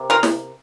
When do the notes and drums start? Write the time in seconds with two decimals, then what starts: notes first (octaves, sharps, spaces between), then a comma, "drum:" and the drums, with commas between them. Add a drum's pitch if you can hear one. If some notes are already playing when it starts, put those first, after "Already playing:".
Already playing: C3 A#3
0.10 F4 A#4
0.23 drum: snare